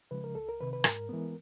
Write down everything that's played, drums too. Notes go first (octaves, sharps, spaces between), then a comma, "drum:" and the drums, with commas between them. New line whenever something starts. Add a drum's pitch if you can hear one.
C#3 F3 G#3 B4
A#4
C2 A4
A#4
C3 D#3 B4
B4
G#2 A#4, drum: rim click
E3 G#3 B3